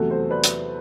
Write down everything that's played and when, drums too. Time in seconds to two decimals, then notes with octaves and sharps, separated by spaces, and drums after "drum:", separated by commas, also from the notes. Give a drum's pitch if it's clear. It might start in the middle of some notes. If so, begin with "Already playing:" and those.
Already playing: E2 C3 F#3 A3 F#4 A4
0.10 A4 C5
0.31 B4 D5
0.43 drum: hi-hat